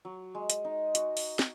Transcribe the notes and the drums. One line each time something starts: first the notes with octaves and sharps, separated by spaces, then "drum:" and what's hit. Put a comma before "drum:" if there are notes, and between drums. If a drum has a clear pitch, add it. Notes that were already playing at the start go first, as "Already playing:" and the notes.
F#3
G#3
drum: hi-hat
D#4
F#4, drum: hi-hat
drum: open hi-hat
drum: snare